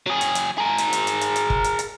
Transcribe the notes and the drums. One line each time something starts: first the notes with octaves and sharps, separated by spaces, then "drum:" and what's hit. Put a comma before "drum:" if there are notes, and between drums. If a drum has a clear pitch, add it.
F#3 G#4
drum: hi-hat
drum: hi-hat
G#4 A#4
drum: hi-hat
drum: hi-hat
drum: hi-hat
drum: hi-hat
drum: hi-hat
drum: kick
drum: hi-hat
drum: hi-hat